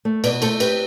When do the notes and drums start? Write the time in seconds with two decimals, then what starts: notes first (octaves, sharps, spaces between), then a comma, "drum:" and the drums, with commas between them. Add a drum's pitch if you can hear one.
0.05 A3
0.24 B2 B4 D5, drum: cymbal
0.42 A3 A4 C5, drum: cymbal
0.60 C4 G4 B4, drum: cymbal